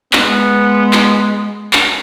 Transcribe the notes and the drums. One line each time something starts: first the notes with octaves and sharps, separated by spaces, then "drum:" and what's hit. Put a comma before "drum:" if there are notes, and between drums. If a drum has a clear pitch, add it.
G#3 B3, drum: clap
drum: clap
drum: clap